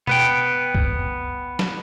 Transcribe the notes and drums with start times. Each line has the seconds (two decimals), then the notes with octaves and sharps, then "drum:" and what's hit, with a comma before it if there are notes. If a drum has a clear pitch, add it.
0.07 B3 B4 G5, drum: tom B2
0.75 drum: kick C2
1.59 drum: snare